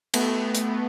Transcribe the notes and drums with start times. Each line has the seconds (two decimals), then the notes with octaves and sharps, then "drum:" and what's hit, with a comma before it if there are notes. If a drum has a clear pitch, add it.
0.14 A3 B3, drum: cymbal
0.55 drum: hi-hat